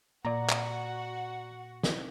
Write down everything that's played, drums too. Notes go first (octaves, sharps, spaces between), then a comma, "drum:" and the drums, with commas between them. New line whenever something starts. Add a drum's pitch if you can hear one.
A#2 F#4 D5 F#5 A#5
drum: clap
drum: snare